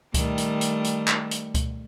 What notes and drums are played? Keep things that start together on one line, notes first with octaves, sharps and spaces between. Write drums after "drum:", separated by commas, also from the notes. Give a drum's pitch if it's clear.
D#3 G3 A3, drum: kick C#2, hi-hat
drum: hi-hat
drum: hi-hat
drum: hi-hat
drum: clap
drum: hi-hat
drum: kick C#2, hi-hat